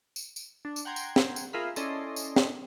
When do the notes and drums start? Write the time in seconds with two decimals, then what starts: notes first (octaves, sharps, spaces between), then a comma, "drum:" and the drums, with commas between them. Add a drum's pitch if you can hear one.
0.16 drum: tambourine
0.36 drum: tambourine
0.65 D4
0.76 drum: tambourine
0.85 F#5 G5 A#5 C6 G#6
0.96 drum: tambourine
1.16 drum: snare
1.36 drum: tambourine
1.53 F4 G#4 A#4 E5 F5 B5
1.76 C#4 E4 A4 D5 D#5 C6, drum: tambourine
2.16 drum: tambourine
2.36 drum: snare